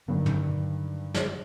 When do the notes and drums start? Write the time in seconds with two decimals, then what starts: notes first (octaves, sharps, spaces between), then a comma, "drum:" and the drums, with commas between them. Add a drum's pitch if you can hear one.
0.08 G2 D3 D#3 F#3 A#3
0.26 drum: tom
1.14 drum: snare